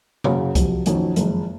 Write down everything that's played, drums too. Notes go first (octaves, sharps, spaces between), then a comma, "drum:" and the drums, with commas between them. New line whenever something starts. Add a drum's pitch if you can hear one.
F#1 F#2 C#3 F#3 A#3, drum: tom C3
F2 C3 F#3, drum: kick C2, hi-hat
F#1 F2 D#3 F#3 C#4, drum: hi-hat
F#1 F2 D#3 G#3 D#4, drum: hi-hat